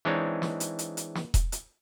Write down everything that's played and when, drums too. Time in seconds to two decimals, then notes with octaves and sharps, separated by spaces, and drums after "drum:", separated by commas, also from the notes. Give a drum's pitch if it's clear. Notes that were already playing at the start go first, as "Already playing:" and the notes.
0.05 E3 G#3 C4 D4 D#4 C#5
0.42 drum: snare
0.60 drum: hi-hat
0.79 drum: hi-hat
0.97 drum: hi-hat
1.15 drum: snare
1.34 drum: kick E1, hi-hat
1.52 drum: hi-hat